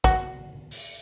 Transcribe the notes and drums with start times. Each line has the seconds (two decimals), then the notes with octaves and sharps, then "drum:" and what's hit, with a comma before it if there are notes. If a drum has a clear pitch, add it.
0.04 F#4, drum: kick
0.71 drum: open hi-hat